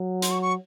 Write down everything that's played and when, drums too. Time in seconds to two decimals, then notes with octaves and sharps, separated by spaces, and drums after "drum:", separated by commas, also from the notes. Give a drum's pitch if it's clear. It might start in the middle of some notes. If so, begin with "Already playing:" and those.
Already playing: F#3
0.22 C6, drum: hi-hat
0.31 C#6
0.42 C#6